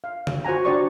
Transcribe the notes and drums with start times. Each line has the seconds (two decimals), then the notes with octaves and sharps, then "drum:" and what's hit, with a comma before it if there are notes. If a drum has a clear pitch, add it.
0.04 F5
0.27 drum: tom C#3
0.45 F#4 C5 F#5 G#5 A#5
0.65 D4 F#4 G4 C5 D5 C#6